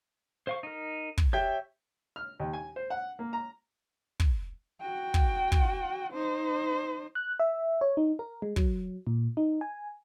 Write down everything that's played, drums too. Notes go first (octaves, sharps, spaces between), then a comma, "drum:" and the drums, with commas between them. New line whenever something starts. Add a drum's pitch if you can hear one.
C5 F5 C#6
D#4 A#4
drum: kick
G4 C#5 E5 G5 G6
F6
D#2
G#5
C5
F#5
A#3
A#5
drum: kick
F#4 G5
drum: kick
drum: kick
D#4 C5
F#6
E5
C#5
D#4
A#4
G#3
F#3, drum: kick
A#2
D#4
G#5